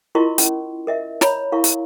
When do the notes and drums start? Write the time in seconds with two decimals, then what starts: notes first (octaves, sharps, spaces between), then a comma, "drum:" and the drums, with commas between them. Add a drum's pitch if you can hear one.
0.15 E4 F4 A#4 D#5 C6 C#6
0.38 C#4, drum: hi-hat
0.87 A#4 D#5 E5
1.21 C#5 A#5 B5, drum: snare
1.52 E4 A#4 F5 C#6
1.64 drum: hi-hat